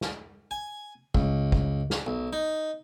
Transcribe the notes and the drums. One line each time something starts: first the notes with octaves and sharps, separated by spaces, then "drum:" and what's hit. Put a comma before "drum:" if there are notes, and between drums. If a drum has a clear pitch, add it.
drum: snare
G#5
C#2, drum: kick
drum: kick
drum: snare
B1
D#4